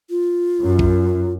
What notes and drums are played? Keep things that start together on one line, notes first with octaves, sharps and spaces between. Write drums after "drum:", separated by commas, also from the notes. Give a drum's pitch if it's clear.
F4
F#2
drum: kick A#1